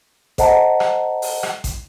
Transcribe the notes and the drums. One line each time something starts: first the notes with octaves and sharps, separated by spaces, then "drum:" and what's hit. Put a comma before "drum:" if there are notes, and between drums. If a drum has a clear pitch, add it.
A4 C5 D#5 F#5 A5 A#5, drum: kick A1, hi-hat
drum: rim click
drum: open hi-hat
drum: rim click
drum: kick A1, hi-hat